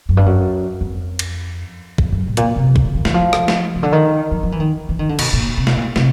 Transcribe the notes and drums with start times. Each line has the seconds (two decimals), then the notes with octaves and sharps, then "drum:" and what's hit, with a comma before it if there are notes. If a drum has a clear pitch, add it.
0.09 F#2
0.17 G2
0.26 F#2
0.81 F2
1.19 drum: cymbal
1.98 F2, drum: kick
2.12 F#2
2.27 A2
2.37 A#2, drum: hi-hat
2.56 C3
2.76 drum: kick
2.85 C#3
2.95 D#3
3.05 E3, drum: snare
3.14 F3
3.33 drum: rim click
3.48 drum: snare
3.75 C#3
3.83 D3
3.92 D#3
4.31 F3
4.43 F3
4.52 E3
4.60 D#3
4.89 E3
4.99 D#3
5.09 D3
5.19 B2, drum: cymbal
5.33 A#2
5.58 C3
5.67 B2, drum: snare
5.77 A#2
5.96 C3, drum: snare